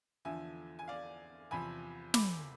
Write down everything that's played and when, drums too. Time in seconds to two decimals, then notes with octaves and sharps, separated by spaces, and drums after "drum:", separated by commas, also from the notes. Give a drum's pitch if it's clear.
0.25 E2 D3 F3 E5 G#5
0.79 G#5
0.88 D5 F5
1.51 E2 C3 F3 G#5 B5
2.14 B5 D6, drum: snare